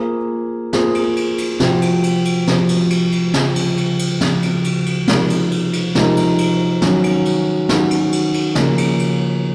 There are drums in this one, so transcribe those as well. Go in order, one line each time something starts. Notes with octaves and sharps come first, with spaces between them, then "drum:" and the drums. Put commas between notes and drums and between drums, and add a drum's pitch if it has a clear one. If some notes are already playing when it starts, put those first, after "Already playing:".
Already playing: A#3 F4 G#4 C5
A#3 F4 G#4 C5, drum: snare
drum: cymbal
drum: cymbal
drum: cymbal
C3 F3 C4 F#4 C5, drum: snare
drum: cymbal
drum: cymbal
drum: cymbal
C3 F3 C4 F#4 C5, drum: snare
drum: cymbal
drum: cymbal
drum: cymbal
C#3 F3 C4, drum: snare
drum: cymbal
drum: cymbal
drum: cymbal
C#3 F3 C4, drum: snare
drum: cymbal
drum: cymbal
drum: cymbal
C3 F3 G#3 D#4 A#4, drum: snare
drum: cymbal
drum: cymbal
drum: cymbal
C3 F3 G#3 D#4 A#4, drum: snare
drum: cymbal
drum: cymbal
D#3 F#3 C#4 F#4, drum: snare
drum: cymbal
drum: cymbal
D#3 F#3 C#4 F#4, drum: snare
drum: cymbal
drum: cymbal
drum: cymbal
C#3 F3 A#3 C#4 G#4, drum: snare
drum: cymbal
drum: cymbal